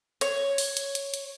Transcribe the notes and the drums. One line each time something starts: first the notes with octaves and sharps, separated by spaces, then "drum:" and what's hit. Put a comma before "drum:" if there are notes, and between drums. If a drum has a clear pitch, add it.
C#5, drum: hi-hat
drum: open hi-hat
drum: hi-hat
drum: hi-hat
drum: hi-hat